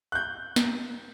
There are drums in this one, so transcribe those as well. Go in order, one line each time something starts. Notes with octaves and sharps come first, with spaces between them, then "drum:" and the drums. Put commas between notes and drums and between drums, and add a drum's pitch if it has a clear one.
F#6 G6
drum: snare